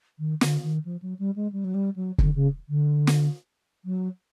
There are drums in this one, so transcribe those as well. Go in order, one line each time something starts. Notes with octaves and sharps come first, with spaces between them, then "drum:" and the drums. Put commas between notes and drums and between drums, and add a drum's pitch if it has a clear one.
D#3
D3, drum: snare
D#3
F3
F#3
G3
G#3
G3
F#3
G3
F#3
D3, drum: kick
C#3
D3
drum: snare
F#3